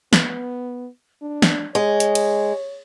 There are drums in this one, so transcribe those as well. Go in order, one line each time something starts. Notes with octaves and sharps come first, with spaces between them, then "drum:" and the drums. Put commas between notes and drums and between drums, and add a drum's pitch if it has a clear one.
B3, drum: snare
D4
drum: snare
G#3 C#5
drum: hi-hat
drum: cymbal